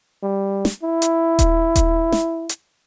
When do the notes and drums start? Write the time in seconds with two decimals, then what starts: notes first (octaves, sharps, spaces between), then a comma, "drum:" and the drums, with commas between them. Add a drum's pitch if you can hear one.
0.23 G3
0.65 drum: snare
0.83 E4
1.02 drum: hi-hat
1.39 drum: kick D#1, hi-hat
1.76 drum: kick D#1, hi-hat
2.12 drum: snare
2.49 drum: hi-hat